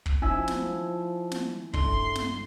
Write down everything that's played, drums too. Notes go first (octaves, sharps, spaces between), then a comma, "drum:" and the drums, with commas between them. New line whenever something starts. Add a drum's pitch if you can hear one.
drum: kick
F3 C#4 D#4 E4 G#5 E6
drum: snare
drum: snare
G2 C#3 A3 D4 C6, drum: kick
drum: snare